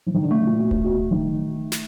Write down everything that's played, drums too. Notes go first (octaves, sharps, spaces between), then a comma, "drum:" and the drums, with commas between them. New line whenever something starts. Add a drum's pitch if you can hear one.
E3
D#3
D3
C#3 A3
A#2
B2
drum: kick D1
B2
D#3
drum: snare